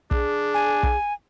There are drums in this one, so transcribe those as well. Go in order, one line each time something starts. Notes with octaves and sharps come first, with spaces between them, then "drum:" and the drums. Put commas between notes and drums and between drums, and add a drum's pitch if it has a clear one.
D4 G#4, drum: kick
G#5
drum: kick